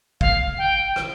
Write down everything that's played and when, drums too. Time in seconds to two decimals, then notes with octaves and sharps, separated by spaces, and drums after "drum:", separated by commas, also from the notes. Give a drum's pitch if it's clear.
0.21 F5, drum: kick
0.58 G5
0.96 drum: rim click